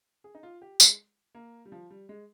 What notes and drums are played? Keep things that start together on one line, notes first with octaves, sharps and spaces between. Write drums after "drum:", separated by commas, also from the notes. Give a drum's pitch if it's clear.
G#4
D#4
F4
G4
G#3, drum: tambourine
A#3
G3
F3
G3
G#3